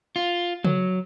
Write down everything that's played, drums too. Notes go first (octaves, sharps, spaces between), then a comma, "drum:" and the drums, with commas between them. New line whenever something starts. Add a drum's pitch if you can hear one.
F4
F#3, drum: tom C#3